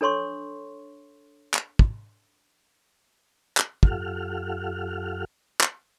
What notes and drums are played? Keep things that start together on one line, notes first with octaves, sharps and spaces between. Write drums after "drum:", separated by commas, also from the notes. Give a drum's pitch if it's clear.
D4 A4 C#5 C6 C#6
drum: clap
drum: kick
drum: clap
F#2 F4 G4 A4 F#5 F6, drum: kick
drum: clap